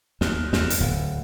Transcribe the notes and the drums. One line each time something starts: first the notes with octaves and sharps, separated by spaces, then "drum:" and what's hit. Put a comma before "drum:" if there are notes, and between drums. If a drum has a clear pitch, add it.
D#2, drum: snare
E2, drum: snare
drum: hi-hat
D1